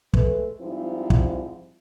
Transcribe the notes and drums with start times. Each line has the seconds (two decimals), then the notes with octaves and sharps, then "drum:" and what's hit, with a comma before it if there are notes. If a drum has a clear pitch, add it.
0.14 G#3 A3 A4 B4, drum: kick
0.61 G#2 F3 G3 C4 D#4 E4
1.10 drum: kick